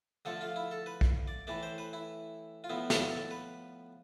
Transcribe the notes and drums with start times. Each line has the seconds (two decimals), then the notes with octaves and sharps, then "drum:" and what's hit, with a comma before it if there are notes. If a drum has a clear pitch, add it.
0.25 D3 F3 A3 A4
0.41 F4
0.56 E4
0.71 A4
0.86 B4
1.01 drum: kick B1
1.28 D5
1.47 A2 E3 A3 D5
1.63 C5
1.78 B4
1.93 E4
2.64 F4
2.69 A2 F3 B3 E4
2.90 E4, drum: snare
3.11 A4
3.31 B4